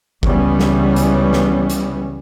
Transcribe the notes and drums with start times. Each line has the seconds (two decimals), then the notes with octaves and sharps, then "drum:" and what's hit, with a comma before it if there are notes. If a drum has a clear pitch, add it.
0.23 C#2 E3 G3 B3 C#4, drum: kick G1
0.60 drum: snare
0.96 drum: hi-hat
1.33 drum: snare
1.70 drum: hi-hat